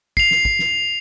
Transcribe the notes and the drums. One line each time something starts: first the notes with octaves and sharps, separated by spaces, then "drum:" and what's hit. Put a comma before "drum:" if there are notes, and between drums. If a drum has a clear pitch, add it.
C7 F7, drum: kick
drum: snare
drum: kick
drum: snare